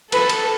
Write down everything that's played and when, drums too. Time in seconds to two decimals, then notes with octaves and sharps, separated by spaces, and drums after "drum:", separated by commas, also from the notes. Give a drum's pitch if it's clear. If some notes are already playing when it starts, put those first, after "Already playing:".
0.12 A4 B4, drum: cymbal
0.29 drum: cymbal